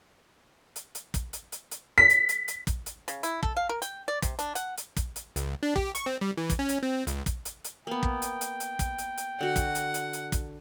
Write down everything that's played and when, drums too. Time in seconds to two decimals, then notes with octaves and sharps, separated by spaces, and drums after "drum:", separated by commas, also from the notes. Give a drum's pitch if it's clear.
0.76 drum: hi-hat
0.95 drum: hi-hat
1.14 drum: kick, hi-hat
1.33 drum: hi-hat
1.52 drum: hi-hat
1.71 drum: hi-hat
1.98 B6
2.10 drum: hi-hat
2.29 drum: hi-hat
2.48 drum: hi-hat
2.67 drum: kick, hi-hat
2.86 drum: hi-hat
3.08 C#3, drum: hi-hat
3.23 E4, drum: hi-hat
3.43 A4, drum: kick
3.57 F5
3.69 A#4
3.82 G5, drum: hi-hat
4.08 D5
4.22 C3, drum: kick, hi-hat
4.39 D4, drum: hi-hat
4.55 F#5, drum: hi-hat
4.77 drum: hi-hat
4.97 drum: kick, hi-hat
5.16 drum: hi-hat
5.36 C#2, drum: hi-hat
5.63 D4
5.76 G4, drum: kick
5.95 C#6, drum: hi-hat
6.06 C4
6.21 G3
6.37 E3
6.50 drum: kick, hi-hat
6.59 C#4
6.69 drum: hi-hat
6.83 C4
7.07 C#2, drum: hi-hat
7.26 drum: kick, hi-hat
7.45 drum: hi-hat
7.64 drum: hi-hat
7.87 A#3 B3 G5
8.03 drum: kick
8.22 drum: hi-hat
8.41 drum: hi-hat
8.60 drum: hi-hat
8.79 drum: kick, hi-hat
8.98 drum: hi-hat
9.17 drum: hi-hat
9.41 D3 F#4 F#5
9.56 drum: kick, hi-hat
9.75 drum: hi-hat
9.94 drum: hi-hat
10.13 drum: hi-hat
10.32 drum: kick, hi-hat